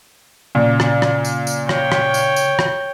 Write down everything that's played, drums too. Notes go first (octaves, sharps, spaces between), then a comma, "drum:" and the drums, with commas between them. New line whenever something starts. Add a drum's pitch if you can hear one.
A#2 C#3
drum: rim click
drum: rim click
drum: tambourine
drum: tambourine
C#5 G5, drum: rim click
drum: rim click
drum: tambourine
drum: tambourine
drum: rim click